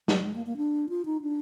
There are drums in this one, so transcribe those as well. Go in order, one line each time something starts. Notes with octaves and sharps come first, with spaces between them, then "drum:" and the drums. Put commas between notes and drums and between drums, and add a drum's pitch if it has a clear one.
F#3, drum: snare
G#3
A#3
A#3
D4
F4
D#4
D4